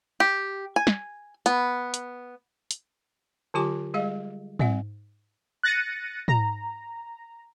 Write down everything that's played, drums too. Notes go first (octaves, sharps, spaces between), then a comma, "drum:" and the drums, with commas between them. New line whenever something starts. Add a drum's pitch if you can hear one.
G4
G#5
drum: snare
B3, drum: hi-hat
drum: hi-hat
drum: hi-hat
D3 F#3 F4 G4 G#5 D6
G3 G#3 G#4 D#5 F5
G3 C4 E5 F#5, drum: tom
F#6 A6 A#6 C#7 D#7
A#5, drum: tom